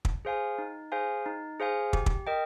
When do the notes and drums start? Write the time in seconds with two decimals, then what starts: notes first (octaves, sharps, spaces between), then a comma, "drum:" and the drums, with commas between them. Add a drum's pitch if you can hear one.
0.05 drum: kick
0.25 G#4 C5 F5 G#5
0.58 D#4
0.92 G#4 C5 F5 G#5
1.26 D#4
1.60 G#4 C5 F5 G#5
1.93 G4, drum: kick
2.06 drum: kick
2.27 A#4 D#5 G5